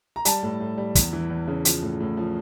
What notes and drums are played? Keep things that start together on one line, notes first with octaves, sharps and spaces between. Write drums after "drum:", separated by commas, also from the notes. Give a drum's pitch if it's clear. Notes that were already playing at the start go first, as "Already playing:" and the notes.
A#5
G3 A5, drum: hi-hat
A2
A2
G3
E2, drum: kick, hi-hat
E3
E2
C#3
F3, drum: hi-hat
A2
A2
F3